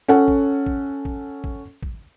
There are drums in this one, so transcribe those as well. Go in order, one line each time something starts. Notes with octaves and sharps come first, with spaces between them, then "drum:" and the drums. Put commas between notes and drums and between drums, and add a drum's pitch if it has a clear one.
C#4 A4 F#5
drum: kick
drum: kick
drum: kick
drum: kick
drum: kick